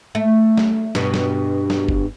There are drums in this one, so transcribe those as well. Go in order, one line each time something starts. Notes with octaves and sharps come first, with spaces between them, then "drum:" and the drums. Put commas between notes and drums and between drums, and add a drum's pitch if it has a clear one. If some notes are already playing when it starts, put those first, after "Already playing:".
A3
drum: snare
G2 B2, drum: snare
drum: snare
drum: snare
drum: kick